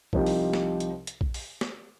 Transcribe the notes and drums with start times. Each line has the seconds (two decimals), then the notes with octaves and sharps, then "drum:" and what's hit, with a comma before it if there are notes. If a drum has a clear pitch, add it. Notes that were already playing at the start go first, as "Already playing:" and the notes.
0.13 C2 C3 F3 D#4 G4, drum: kick A#1
0.26 drum: open hi-hat
0.53 drum: snare
0.80 drum: hi-hat
1.07 drum: hi-hat
1.21 drum: kick A#1
1.34 drum: open hi-hat
1.61 drum: snare